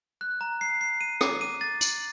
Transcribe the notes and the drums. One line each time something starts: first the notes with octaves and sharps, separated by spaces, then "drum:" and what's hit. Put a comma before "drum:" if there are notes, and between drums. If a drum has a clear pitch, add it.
F#6
A#5
C7
C7
D#7
D6, drum: rim click
D#7
A6
F#7, drum: tambourine